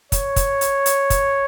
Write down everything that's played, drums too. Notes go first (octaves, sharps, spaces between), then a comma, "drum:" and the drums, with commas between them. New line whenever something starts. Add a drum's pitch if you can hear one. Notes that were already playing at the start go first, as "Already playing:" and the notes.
C#5, drum: kick, hi-hat
drum: kick, hi-hat
drum: hi-hat
drum: hi-hat
drum: kick, hi-hat